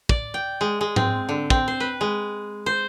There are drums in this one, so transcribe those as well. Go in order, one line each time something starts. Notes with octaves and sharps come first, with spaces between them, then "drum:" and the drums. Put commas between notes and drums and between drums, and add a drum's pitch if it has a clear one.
D5, drum: kick
G5
G#3
G#3
C4, drum: tom G#2
D3
C4, drum: kick
C5
B4
G#3
C5